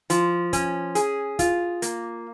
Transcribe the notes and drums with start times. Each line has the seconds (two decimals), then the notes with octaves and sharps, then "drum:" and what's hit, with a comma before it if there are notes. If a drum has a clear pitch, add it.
0.10 F3, drum: hi-hat
0.53 C#4, drum: kick, hi-hat
0.95 G#4, drum: hi-hat
1.39 F4, drum: kick, hi-hat
1.82 A#3, drum: hi-hat